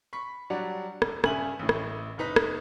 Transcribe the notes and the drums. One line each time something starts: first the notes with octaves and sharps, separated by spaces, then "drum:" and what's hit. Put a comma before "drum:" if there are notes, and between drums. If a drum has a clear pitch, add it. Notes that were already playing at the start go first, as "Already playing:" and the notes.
B5 C#6 B6
F#3 G3 D4 F#5
E1, drum: rim click
G2 C#3 E5 G#5 F#7, drum: rim click
A1 A2
drum: rim click
F#1 D#4 B4 B6
drum: rim click